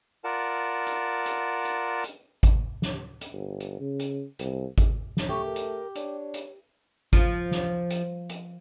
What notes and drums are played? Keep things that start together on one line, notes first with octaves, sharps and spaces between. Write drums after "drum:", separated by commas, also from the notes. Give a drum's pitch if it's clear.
F4 A#4 D5 F#5 A5
drum: hi-hat
drum: hi-hat
drum: hi-hat
drum: hi-hat
drum: kick G#1, hi-hat
drum: snare
drum: hi-hat
G1
drum: hi-hat
C#3
drum: hi-hat
C2, drum: hi-hat
drum: kick G#1, hi-hat
drum: snare
A3 G4 C#6
A#4
drum: hi-hat
D4 C#5, drum: hi-hat
drum: hi-hat
F3, drum: kick G#1, hi-hat
drum: snare
drum: hi-hat
drum: hi-hat